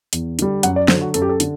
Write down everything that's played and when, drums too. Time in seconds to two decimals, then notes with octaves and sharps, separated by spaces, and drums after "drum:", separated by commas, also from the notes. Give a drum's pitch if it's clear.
0.13 E2, drum: hi-hat
0.39 D3 G3, drum: hi-hat
0.63 F#2 F#5, drum: hi-hat
0.76 D5
0.88 D3 F#3 C5, drum: snare
1.01 F#4
1.14 F#2 A4, drum: hi-hat
1.22 G4
1.29 A4
1.40 D3, drum: hi-hat